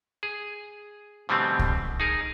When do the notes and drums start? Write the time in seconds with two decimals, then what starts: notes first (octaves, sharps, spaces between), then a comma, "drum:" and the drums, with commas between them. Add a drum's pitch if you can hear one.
0.23 G#4
1.29 B2 D3 E3 G3 A3 C4
1.59 drum: kick C2
2.00 D#4 G#4 A#4